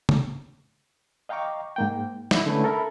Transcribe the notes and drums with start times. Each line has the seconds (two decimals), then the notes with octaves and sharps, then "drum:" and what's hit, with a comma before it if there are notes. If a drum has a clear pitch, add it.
0.09 drum: tom C#3
1.29 D#5 F5 G5 A#5 C#6 D6
1.76 G#2 A#3 G5
2.31 E4, drum: snare
2.46 D3 G#3 A3 C#4 E4 B4
2.64 A4 A#4 E5 A#5 B5